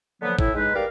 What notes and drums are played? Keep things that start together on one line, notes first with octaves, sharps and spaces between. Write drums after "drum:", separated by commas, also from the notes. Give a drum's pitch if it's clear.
D3 F3 F#3 A#3 B3
A2 E4, drum: kick G#1
G#3 D#4 B4
G4 A#4 B4 D5 F5